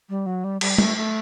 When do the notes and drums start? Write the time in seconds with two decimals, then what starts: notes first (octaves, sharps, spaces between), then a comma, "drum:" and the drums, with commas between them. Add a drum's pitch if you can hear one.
0.10 G3
0.26 F#3
0.44 G3
0.61 G3, drum: cymbal
0.78 A3, drum: tom G3
0.96 A3